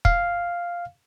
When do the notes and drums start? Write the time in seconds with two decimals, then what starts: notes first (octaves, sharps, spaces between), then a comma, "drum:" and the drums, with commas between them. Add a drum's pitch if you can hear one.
0.05 F5, drum: kick